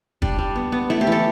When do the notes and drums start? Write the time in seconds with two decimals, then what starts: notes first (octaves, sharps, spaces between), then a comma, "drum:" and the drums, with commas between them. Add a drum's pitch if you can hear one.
0.22 G3 D4, drum: kick
0.38 G3
0.56 B3
0.72 B3
0.90 A3 E4
1.01 G4
1.07 E3 A4